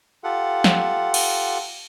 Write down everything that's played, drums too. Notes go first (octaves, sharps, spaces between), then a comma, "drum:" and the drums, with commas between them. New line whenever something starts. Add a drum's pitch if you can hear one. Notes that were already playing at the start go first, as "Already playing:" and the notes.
F4 G4 A4 F#5
drum: snare
drum: cymbal